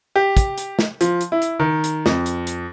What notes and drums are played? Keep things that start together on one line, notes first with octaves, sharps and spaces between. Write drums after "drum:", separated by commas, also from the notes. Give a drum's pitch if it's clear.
G4
drum: kick, hi-hat
drum: hi-hat
drum: snare
F3, drum: hi-hat
drum: hi-hat
E4
drum: hi-hat
D#3
drum: hi-hat
F2, drum: snare
drum: hi-hat
drum: hi-hat